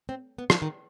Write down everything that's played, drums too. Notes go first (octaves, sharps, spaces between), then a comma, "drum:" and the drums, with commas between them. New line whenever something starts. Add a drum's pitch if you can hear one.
C4
B3
F3, drum: rim click
D#3